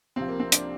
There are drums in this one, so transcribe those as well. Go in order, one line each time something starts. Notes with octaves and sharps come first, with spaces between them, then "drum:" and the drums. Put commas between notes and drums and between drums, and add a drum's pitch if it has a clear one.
C2 C3 F3 C4
A#3
C4
D4, drum: hi-hat